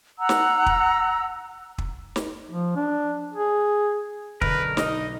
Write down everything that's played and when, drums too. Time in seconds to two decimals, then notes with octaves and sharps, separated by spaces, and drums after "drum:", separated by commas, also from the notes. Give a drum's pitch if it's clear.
0.18 F#5 A#5 E6
0.29 drum: snare
0.66 drum: kick
1.78 drum: kick
2.16 drum: snare
2.51 F3
2.76 D4
3.34 G#4
4.41 B1 D3 A#4 B4, drum: kick
4.77 D#4 D#5, drum: snare